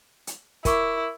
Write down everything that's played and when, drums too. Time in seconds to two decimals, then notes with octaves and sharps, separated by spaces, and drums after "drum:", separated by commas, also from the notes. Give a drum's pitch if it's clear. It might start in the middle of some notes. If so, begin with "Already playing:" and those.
0.27 drum: hi-hat
0.65 E4 A#4 C#6 D6, drum: kick, hi-hat